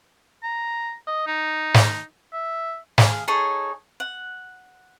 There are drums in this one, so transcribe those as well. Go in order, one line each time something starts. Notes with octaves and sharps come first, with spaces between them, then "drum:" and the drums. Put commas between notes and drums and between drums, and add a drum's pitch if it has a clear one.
A#5
D#5
D#4
drum: snare
E5
G#4 F5, drum: snare
D#4 G#4 A4 C#5
F#5